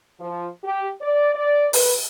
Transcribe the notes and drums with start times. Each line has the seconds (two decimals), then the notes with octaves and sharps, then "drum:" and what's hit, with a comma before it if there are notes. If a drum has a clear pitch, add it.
0.20 F3
0.64 G4
1.01 D5
1.35 D5
1.73 B4, drum: open hi-hat